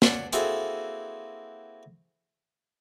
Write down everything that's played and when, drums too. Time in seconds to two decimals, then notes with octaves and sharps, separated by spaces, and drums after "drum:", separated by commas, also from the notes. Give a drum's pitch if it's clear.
0.02 C#5 D5 F#5, drum: snare
0.33 A#3 C4 E4 F#4 G#4 A4, drum: hi-hat